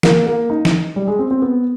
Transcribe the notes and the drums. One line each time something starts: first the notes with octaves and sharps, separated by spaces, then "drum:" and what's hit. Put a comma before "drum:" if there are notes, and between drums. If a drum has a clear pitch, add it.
A#3, drum: snare
A#3
D#4
drum: snare
G3
G#3
C4
C4
B3